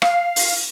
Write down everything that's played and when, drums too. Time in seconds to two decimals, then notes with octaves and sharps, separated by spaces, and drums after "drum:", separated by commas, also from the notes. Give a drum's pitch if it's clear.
0.02 F5, drum: rim click
0.36 drum: open hi-hat